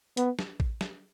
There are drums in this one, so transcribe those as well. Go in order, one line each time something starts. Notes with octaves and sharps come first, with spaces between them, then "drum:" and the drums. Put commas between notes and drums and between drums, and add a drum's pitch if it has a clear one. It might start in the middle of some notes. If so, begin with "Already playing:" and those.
B3, drum: hi-hat
drum: snare
drum: kick A1
drum: snare